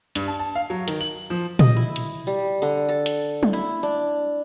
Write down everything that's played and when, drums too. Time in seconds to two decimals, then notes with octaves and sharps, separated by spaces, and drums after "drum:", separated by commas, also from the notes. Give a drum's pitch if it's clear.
0.15 G2, drum: hi-hat
0.28 A5
0.40 A5
0.55 F5
0.70 F#3
0.88 D#3, drum: hi-hat
1.01 F#7
1.30 F3
1.59 D#5, drum: tom A#2
1.76 E4
1.96 drum: hi-hat
2.27 G3
2.62 D3
2.89 A4
3.06 drum: hi-hat
3.43 drum: tom F#3
3.53 E4
3.83 D4